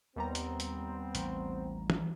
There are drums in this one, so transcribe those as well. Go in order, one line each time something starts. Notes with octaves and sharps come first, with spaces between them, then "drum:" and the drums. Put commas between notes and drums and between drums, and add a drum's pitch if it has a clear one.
D#2 G3 B3 C4 A#5
drum: hi-hat
drum: hi-hat
A1, drum: hi-hat
drum: tom E3